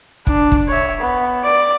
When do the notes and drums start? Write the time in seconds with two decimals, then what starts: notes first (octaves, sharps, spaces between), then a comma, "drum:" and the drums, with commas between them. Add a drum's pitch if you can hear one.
0.27 D4, drum: kick
0.52 drum: kick
0.68 C#5 E5
1.00 B3
1.44 D5